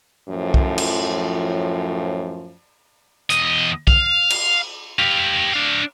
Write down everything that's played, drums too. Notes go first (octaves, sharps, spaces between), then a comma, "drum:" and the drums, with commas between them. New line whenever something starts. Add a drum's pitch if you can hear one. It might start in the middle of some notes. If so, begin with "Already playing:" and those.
F#2 A2 F3
drum: kick
drum: cymbal
E2 D#5, drum: hi-hat
F5, drum: kick
drum: cymbal
G4 F5
D4 F5